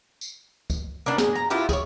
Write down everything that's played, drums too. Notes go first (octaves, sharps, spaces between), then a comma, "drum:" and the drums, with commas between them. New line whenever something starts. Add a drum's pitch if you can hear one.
drum: tambourine
drum: kick, tambourine
A#3 B3 D4
G#4, drum: snare
A#5
B3 E4 F4 G4
G#4 C#5, drum: kick, tambourine